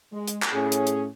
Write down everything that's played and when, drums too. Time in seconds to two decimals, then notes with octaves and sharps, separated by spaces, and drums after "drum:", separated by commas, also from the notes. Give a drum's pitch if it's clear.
0.13 G#3
0.28 drum: hi-hat
0.42 drum: clap
0.53 A2 C#4 G#4
0.72 drum: hi-hat
0.87 drum: hi-hat